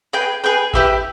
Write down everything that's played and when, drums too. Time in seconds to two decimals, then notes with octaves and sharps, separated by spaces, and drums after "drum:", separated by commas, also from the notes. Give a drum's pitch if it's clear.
0.13 G#4 B4 G5
0.44 G#4 B4 G5
0.73 E4 G4 B4 E5, drum: kick G#1